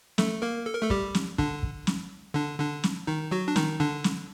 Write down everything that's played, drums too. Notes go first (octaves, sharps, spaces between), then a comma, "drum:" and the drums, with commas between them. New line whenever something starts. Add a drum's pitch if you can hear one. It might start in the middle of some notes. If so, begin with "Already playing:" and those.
A3 A4, drum: snare
A#3 A#4
A4
A#4
A3 A4
G3 G4, drum: kick
drum: snare
D3 D4, drum: kick
drum: kick
drum: snare
D3 D4
D3 D4
drum: snare
D#3 D#4
F#3 F#4
D4
D#3 D#4, drum: snare
D3 D4
drum: snare